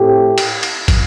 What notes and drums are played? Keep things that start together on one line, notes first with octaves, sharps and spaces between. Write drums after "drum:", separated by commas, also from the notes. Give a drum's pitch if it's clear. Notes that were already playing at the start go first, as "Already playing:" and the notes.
Already playing: A2 A3 C4 G4
drum: cymbal
drum: cymbal
drum: kick, cymbal